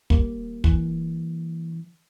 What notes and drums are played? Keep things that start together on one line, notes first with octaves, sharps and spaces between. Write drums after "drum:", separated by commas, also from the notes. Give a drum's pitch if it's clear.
G3 A#3, drum: kick
E3, drum: kick